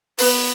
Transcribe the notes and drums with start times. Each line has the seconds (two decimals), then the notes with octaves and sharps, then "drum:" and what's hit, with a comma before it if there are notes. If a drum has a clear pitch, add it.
0.19 B3 B4, drum: open hi-hat